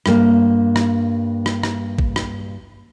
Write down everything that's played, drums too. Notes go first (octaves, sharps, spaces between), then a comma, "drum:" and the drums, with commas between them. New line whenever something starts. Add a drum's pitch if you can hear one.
G2 A#3, drum: rim click
drum: rim click
drum: rim click
drum: rim click
drum: kick A1
drum: rim click